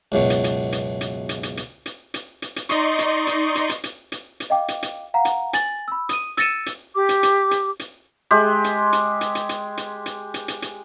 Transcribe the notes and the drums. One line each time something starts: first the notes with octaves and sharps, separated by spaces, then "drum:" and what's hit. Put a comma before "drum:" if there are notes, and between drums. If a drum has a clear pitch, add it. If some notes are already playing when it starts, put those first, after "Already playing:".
C#2 F#2 B2
drum: hi-hat
drum: hi-hat
drum: hi-hat
drum: hi-hat
drum: hi-hat
drum: hi-hat
drum: hi-hat
drum: hi-hat
drum: hi-hat
drum: hi-hat
drum: hi-hat
D#4 D5 D#5 C6 C#6, drum: hi-hat
drum: hi-hat
drum: hi-hat
drum: hi-hat
drum: hi-hat
drum: hi-hat
drum: hi-hat
drum: hi-hat
D#5 F5 G5 D6
drum: hi-hat
drum: hi-hat
F5 F#5 A#5
drum: hi-hat
G#5 A6 F#7, drum: hi-hat
B5 E6
D#6 D#7, drum: hi-hat
E6 A6 A#6 C#7 D#7 E7, drum: hi-hat
drum: hi-hat
G4 D6
drum: hi-hat
drum: hi-hat
drum: hi-hat
drum: hi-hat
G#3 G4
drum: hi-hat
drum: hi-hat
drum: hi-hat
drum: hi-hat
drum: hi-hat
drum: hi-hat
drum: hi-hat
drum: hi-hat
drum: hi-hat
drum: hi-hat